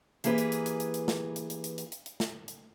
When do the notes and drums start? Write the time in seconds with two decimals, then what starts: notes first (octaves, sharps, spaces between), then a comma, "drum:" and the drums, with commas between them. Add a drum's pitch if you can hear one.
0.24 E3 A#3 G4 G#4 B4, drum: hi-hat
0.38 drum: hi-hat
0.52 drum: hi-hat
0.66 drum: hi-hat
0.80 drum: hi-hat
0.94 drum: hi-hat
1.08 drum: snare
1.36 drum: hi-hat
1.50 drum: hi-hat
1.64 drum: hi-hat
1.78 drum: hi-hat
1.92 drum: hi-hat
2.06 drum: hi-hat
2.20 drum: snare
2.48 drum: hi-hat